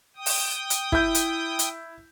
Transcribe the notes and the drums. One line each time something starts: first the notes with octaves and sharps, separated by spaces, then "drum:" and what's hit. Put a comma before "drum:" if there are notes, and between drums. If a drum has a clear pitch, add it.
G5 D#6
drum: open hi-hat
drum: hi-hat
E4 G6, drum: kick
drum: hi-hat
drum: hi-hat